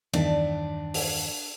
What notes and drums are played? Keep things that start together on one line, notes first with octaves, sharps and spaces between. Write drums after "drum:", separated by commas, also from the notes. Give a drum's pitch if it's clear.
E2 G2 D#3 D4, drum: cymbal
drum: open hi-hat